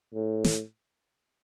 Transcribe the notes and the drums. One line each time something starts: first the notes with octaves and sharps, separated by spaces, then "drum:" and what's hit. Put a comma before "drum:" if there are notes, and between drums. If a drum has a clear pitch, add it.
A2
drum: snare